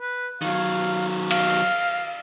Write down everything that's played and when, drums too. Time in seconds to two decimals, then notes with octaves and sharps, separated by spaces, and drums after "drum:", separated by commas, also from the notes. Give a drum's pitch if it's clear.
0.01 B4
0.42 D#3 F#3 F5
1.31 F5, drum: cymbal